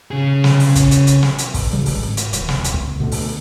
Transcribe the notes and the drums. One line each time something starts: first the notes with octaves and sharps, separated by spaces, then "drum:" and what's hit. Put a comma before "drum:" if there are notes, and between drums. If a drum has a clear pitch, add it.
C#3 G#4
drum: snare
drum: open hi-hat
drum: kick, hi-hat
drum: hi-hat
drum: hi-hat
drum: snare
drum: hi-hat
drum: kick, open hi-hat
D1 D2 C#3 G3
drum: open hi-hat
G#1
drum: hi-hat
D#1, drum: hi-hat
drum: snare
drum: hi-hat
C#2
B2 D3 A3
drum: open hi-hat